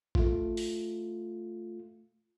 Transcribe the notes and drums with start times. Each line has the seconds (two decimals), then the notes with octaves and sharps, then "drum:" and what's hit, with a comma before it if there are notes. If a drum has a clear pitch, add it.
0.15 A3 F4, drum: kick
0.57 drum: open hi-hat